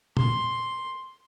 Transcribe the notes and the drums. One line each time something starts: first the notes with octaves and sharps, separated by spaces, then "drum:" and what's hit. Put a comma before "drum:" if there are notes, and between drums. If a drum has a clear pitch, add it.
C6, drum: tom